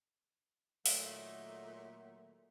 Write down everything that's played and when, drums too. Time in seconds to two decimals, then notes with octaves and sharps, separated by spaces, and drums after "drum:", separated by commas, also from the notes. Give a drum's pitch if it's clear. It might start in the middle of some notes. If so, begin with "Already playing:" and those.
0.86 A#2 D#3 F#3 A3, drum: open hi-hat